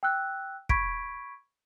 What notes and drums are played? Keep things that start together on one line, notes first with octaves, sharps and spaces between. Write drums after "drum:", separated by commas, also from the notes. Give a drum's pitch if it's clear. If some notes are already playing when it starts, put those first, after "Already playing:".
G5 E6 F#6
B5 C#6 G#6 B6 D7, drum: kick